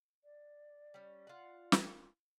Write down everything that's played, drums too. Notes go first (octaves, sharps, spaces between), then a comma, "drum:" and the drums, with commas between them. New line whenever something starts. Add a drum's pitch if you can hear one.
D5
G3 C#4
F4 F#5
drum: snare